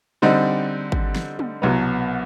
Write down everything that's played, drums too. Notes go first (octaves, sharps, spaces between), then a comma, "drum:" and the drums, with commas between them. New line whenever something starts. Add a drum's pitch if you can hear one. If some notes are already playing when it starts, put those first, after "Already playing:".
D3 G3 C4 D#4
drum: kick G#1
drum: snare
drum: tom
C2 B2 F#3 B3